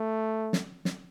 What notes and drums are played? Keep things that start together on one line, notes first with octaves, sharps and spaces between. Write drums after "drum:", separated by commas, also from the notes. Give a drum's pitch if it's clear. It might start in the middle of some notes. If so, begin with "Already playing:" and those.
Already playing: A3
drum: snare
drum: snare